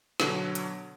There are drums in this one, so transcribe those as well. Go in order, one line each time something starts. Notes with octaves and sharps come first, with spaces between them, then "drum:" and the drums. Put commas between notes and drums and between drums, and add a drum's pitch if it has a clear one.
B2 D3 F#3, drum: snare
drum: hi-hat